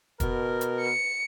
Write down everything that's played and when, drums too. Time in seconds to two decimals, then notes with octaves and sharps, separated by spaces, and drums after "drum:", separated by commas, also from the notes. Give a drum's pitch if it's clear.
0.20 B2 A#4, drum: kick, hi-hat
0.61 drum: hi-hat
0.81 C#7